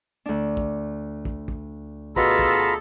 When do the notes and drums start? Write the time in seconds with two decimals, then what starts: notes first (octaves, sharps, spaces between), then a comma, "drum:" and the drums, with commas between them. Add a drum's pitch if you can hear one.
0.26 D2 D4
0.57 drum: kick
1.25 drum: kick
1.48 drum: kick
2.16 B2 F4 G#4 A4 A#5 B5, drum: kick
2.39 drum: kick